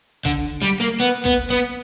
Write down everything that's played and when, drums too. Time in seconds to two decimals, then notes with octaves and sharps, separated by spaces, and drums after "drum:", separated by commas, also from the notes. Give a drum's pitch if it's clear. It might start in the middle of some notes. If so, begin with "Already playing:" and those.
0.25 D3, drum: kick, hi-hat
0.50 drum: hi-hat
0.63 G3
0.81 A#3
1.00 B3, drum: hi-hat
1.25 B3, drum: kick
1.50 B3, drum: hi-hat